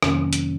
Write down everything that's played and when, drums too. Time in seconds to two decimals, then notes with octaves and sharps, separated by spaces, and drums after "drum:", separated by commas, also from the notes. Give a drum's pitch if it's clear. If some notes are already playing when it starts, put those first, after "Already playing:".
0.03 F2 C3 D#3 F#3 A#3 C#4, drum: rim click
0.33 drum: hi-hat